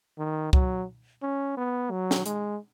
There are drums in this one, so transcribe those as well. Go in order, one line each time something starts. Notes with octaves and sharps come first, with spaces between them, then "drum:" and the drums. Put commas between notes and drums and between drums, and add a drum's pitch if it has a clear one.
D#3
F#3, drum: kick C2
C#4
B3
F#3
drum: snare
G#3, drum: hi-hat